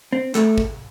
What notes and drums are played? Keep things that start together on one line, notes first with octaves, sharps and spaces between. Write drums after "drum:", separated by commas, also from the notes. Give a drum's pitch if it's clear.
C4
A3, drum: clap
drum: kick